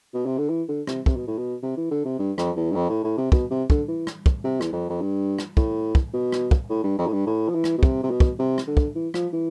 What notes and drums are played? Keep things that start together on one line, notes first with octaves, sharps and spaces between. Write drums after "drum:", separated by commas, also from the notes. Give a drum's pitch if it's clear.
B2
C3
D3
E3
D3
C3, drum: rim click
C3, drum: kick
B2
A2
B2
C3
E3
D3
C3
G2
F2, drum: rim click
E2
G2
F2
A2
A2
C3
B2, drum: kick
C3
D3, drum: kick
E3
drum: rim click
drum: kick
C3
E2, drum: rim click
F2
F2
G2
drum: rim click
A2, drum: kick
drum: kick
B2
drum: rim click
drum: kick
A2
G2
F2
A2
G2
A2
F3
E3
drum: rim click
B2
C3, drum: kick
C3
B2
drum: kick
C3
drum: rim click
D3
drum: kick
E3
F3, drum: rim click
E3